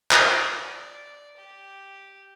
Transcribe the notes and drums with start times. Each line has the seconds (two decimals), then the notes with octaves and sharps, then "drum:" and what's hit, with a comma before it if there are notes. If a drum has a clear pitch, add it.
0.11 D5, drum: clap
1.36 G4